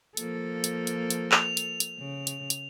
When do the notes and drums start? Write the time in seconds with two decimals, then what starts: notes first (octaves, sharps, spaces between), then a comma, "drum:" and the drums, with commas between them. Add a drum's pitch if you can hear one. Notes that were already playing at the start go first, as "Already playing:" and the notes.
0.17 F3 A#3 A4, drum: hi-hat
0.64 drum: hi-hat
0.87 drum: hi-hat
1.10 drum: hi-hat
1.32 F7, drum: clap
1.57 drum: hi-hat
1.80 drum: hi-hat
1.99 C#3
2.27 drum: hi-hat
2.50 drum: hi-hat